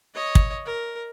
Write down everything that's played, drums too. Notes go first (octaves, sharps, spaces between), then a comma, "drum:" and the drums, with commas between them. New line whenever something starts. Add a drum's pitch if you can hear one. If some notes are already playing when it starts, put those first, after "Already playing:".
C#5 D#5
drum: kick
A#4